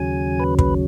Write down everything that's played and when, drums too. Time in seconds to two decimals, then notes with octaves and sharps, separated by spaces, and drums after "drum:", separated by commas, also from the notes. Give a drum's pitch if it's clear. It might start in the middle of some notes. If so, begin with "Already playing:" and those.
Already playing: D#2 C#3 F#3 G#5
0.40 B4
0.59 B4, drum: kick